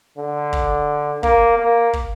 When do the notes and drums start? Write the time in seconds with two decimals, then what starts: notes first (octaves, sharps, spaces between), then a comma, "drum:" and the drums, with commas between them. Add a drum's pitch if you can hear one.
0.17 D3
0.53 drum: kick
1.23 A#3, drum: kick
1.58 A#3
1.93 drum: kick